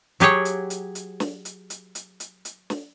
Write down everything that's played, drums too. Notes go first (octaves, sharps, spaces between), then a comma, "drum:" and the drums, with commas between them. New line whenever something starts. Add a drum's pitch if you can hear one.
F#3 G4 G#4 C#5, drum: hi-hat
drum: hi-hat
drum: hi-hat
drum: hi-hat
drum: snare
drum: hi-hat
drum: hi-hat
drum: hi-hat
drum: hi-hat
drum: hi-hat
drum: snare